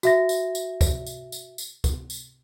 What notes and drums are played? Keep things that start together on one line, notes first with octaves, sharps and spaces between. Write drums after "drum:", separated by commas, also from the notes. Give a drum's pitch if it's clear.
F#4 E5 A#6, drum: tambourine
drum: tambourine
drum: tambourine
drum: kick, tambourine
drum: tambourine
drum: tambourine
drum: tambourine
drum: kick, tambourine
drum: tambourine